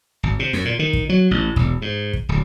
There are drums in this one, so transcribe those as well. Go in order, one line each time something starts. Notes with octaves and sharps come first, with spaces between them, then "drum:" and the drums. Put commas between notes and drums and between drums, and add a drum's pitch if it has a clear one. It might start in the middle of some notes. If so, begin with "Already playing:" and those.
G#1
C3
F#2, drum: snare
A#2
D#3
drum: kick
F#3
A1
E1, drum: kick
G#2
drum: kick
D1